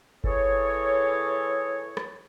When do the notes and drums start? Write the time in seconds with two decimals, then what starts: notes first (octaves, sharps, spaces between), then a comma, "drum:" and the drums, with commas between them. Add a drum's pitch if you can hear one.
0.24 E3 G#4 A4 C#5, drum: kick G1
1.97 drum: rim click